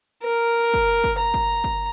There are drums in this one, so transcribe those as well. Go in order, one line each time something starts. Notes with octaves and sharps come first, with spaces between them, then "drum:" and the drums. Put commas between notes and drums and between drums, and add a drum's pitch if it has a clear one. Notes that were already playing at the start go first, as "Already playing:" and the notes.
A#4
drum: kick
drum: kick
A#5
drum: kick
drum: kick